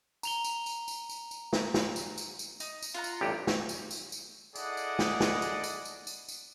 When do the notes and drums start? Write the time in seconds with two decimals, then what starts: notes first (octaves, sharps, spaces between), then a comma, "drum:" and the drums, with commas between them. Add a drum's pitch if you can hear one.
0.23 A#5 F7 G7, drum: tambourine
0.44 drum: tambourine
0.66 drum: tambourine
0.88 drum: tambourine
1.09 drum: tambourine
1.31 drum: tambourine
1.53 drum: snare
1.74 drum: snare
1.96 drum: tambourine
2.18 drum: tambourine
2.39 drum: tambourine
2.60 D#4, drum: tambourine
2.82 drum: tambourine
2.94 F4 F#5 A#5
3.04 drum: tambourine
3.21 A1 G2 G4
3.47 drum: snare
3.69 drum: tambourine
3.91 drum: tambourine
4.12 drum: tambourine
4.55 E4 G#4 A4 D5 D#5 F#5, drum: tambourine
4.77 drum: tambourine
4.99 drum: snare
5.20 drum: snare
5.42 drum: tambourine
5.64 drum: tambourine
5.85 drum: tambourine
6.07 drum: tambourine
6.29 drum: tambourine